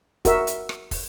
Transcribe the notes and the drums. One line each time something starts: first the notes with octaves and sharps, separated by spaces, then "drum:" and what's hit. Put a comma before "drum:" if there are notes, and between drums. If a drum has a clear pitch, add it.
F#4 A#4 E5, drum: kick, hi-hat
drum: hi-hat
drum: rim click
drum: kick, open hi-hat